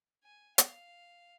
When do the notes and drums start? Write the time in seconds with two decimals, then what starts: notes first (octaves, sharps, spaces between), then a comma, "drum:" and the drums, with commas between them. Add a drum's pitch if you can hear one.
0.24 G#5
0.58 F5, drum: hi-hat